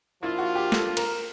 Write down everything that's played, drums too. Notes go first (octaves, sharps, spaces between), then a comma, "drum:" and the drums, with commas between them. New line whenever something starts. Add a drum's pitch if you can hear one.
F3 A#3 D4 E4 F4
F#4
G4
A4, drum: snare
A#4, drum: cymbal